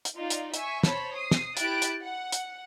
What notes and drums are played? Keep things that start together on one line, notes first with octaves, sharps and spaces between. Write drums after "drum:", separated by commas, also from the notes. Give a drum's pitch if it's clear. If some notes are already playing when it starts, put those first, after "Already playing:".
drum: hi-hat
D#4 F4 D5
drum: hi-hat
E5 G#5 C#6, drum: hi-hat
C5 C#5 A5 B5, drum: snare
D#6 C7
drum: snare
E4 G4 F#6 A6 D7, drum: hi-hat
drum: hi-hat
F#5
drum: hi-hat